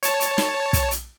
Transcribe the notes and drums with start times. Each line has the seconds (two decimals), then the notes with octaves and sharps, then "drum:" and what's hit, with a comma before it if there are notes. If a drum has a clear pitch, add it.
0.03 C#5 A5, drum: hi-hat
0.20 drum: hi-hat
0.38 drum: snare
0.73 drum: kick, hi-hat
0.91 drum: hi-hat